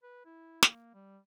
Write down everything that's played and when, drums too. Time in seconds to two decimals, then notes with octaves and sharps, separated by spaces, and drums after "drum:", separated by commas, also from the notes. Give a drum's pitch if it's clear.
0.03 B4
0.25 E4
0.63 A#3, drum: snare
0.94 G3